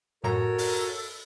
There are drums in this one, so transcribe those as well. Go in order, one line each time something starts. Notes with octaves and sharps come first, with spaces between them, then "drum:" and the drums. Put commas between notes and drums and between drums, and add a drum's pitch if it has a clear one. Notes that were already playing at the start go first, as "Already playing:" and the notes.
F#2 A2 F#4 A4 A#4 C#5 A#5
drum: open hi-hat